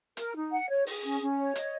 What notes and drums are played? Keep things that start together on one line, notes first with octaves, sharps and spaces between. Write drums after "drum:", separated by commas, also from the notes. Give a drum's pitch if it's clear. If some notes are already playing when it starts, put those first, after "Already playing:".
A#4, drum: hi-hat
D#4
F#5
C#5
G#4, drum: open hi-hat
C#4
C#4
C#5
D#5, drum: hi-hat